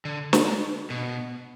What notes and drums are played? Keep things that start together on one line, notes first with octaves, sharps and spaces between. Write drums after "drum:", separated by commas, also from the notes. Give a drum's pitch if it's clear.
D3
drum: snare
B2